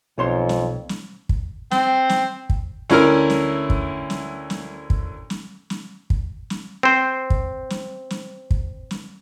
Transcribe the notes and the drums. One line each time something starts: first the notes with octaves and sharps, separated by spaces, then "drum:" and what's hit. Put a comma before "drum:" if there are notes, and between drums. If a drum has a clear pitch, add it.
B1 F2 C#5 C6
drum: snare
drum: snare
drum: kick
C4, drum: snare
drum: snare
drum: kick
D2 C#4 E4 A#4 F6, drum: snare
drum: snare
drum: kick
drum: snare
drum: snare
drum: kick
drum: snare
drum: snare
drum: kick
drum: snare
C4 C5
drum: kick
drum: snare
drum: snare
drum: kick
drum: snare